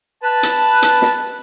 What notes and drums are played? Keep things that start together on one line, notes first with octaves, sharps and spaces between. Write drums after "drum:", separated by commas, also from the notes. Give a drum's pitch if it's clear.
B4 A5
drum: hi-hat
drum: hi-hat
drum: snare